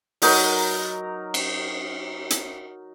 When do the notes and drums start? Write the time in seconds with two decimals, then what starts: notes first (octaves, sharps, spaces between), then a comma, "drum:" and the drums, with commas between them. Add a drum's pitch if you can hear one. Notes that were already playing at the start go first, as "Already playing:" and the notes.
0.22 F#3 D#4 A#4 A#5, drum: open hi-hat
1.34 drum: cymbal
2.30 drum: hi-hat